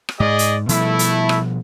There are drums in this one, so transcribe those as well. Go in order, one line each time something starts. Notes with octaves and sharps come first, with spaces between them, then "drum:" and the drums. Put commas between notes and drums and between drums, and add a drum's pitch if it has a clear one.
drum: rim click
G#2 G#4 D5 D#5
drum: hi-hat
B2 F3 G3 A3 E4, drum: hi-hat
drum: hi-hat
drum: rim click